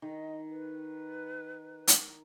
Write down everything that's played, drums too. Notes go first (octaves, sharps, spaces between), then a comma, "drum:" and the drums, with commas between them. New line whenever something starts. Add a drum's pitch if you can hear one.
D#3 D#5
B4
drum: hi-hat